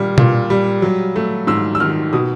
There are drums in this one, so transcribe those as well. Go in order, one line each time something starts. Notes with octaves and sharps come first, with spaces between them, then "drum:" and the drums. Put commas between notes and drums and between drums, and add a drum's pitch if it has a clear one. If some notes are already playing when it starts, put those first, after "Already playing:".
Already playing: A#2 G3 F6
A#2, drum: tom B2
G3
F#3
A3
G#2 E6
E6
D#3 F6
B2 D#6